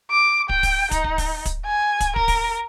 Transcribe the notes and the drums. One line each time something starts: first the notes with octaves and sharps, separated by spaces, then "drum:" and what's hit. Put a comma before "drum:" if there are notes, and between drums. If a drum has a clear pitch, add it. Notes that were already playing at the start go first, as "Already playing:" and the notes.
D6
G5, drum: kick
drum: kick, open hi-hat
D#4, drum: kick, hi-hat
drum: kick
drum: kick, open hi-hat
drum: kick, hi-hat
G#5
drum: kick, hi-hat
A#4, drum: kick
drum: kick, open hi-hat